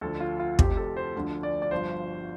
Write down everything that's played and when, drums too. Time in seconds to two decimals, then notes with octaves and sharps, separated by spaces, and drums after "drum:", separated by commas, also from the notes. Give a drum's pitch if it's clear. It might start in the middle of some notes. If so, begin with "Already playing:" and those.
0.01 D2 D3 F3 A4
0.20 F4
0.40 F4
0.59 F1 F2 C3 F3 G4, drum: kick
0.77 A4
0.97 C5
1.16 D2 D3 F3
1.43 D5
1.62 D5
1.71 G1 G2 F3 C5